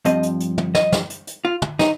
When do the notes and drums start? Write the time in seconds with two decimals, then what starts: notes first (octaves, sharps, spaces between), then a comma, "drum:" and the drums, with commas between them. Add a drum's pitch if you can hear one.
0.05 G2 F3 C4 D#5, drum: hi-hat
0.23 drum: hi-hat
0.40 drum: hi-hat
0.58 drum: tom
0.75 D#5, drum: snare
0.92 drum: snare
1.10 drum: hi-hat
1.27 drum: hi-hat
1.45 F4
1.62 drum: tom
1.79 D#4, drum: snare